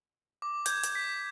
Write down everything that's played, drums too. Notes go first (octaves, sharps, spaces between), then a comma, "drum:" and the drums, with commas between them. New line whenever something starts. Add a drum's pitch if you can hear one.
D6
G6 G#6, drum: hi-hat
drum: hi-hat
B6